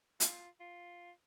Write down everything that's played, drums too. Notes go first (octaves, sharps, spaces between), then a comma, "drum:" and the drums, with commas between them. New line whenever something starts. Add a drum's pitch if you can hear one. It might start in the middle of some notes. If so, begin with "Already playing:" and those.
F4, drum: hi-hat
F4